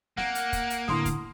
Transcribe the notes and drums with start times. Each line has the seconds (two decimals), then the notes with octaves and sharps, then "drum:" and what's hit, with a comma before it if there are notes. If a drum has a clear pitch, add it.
0.17 A#3 F#5, drum: snare
0.35 drum: hi-hat
0.53 drum: kick, hi-hat
0.70 drum: hi-hat
0.88 A2 D3 E4 C6 D#6, drum: snare
1.06 drum: kick, hi-hat